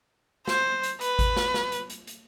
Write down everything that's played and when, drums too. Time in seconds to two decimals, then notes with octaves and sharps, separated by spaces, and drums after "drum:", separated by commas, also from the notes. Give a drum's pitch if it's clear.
0.48 C5, drum: snare
0.83 drum: hi-hat
1.01 B4, drum: hi-hat
1.19 drum: kick G#1, hi-hat
1.37 drum: snare
1.54 drum: snare
1.72 drum: hi-hat
1.90 drum: hi-hat
2.07 drum: hi-hat